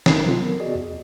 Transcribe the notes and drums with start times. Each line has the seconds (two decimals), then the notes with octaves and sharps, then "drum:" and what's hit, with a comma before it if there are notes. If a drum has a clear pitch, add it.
0.06 G1 C#4 D#4 A4 A#4 C7, drum: snare
0.26 C3 F#3 C4 F4 A4
0.40 B3 A#4
0.60 F#4 G#4 D5 D#5
0.75 E2